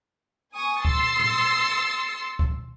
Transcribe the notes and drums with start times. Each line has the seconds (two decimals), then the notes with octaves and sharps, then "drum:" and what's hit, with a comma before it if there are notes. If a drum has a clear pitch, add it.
0.53 G#5 C#6 D#6
0.85 C6 E6 A6 C7 C#7, drum: kick
1.19 drum: tom
2.39 drum: kick